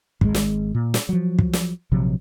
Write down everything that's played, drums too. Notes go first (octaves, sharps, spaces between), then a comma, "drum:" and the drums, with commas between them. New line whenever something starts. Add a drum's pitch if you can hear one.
G#1 G#2 C#3 G#3, drum: kick
drum: snare
A#2
drum: snare
F3 F#3
drum: kick
drum: snare
A#1 C3 F3 F#3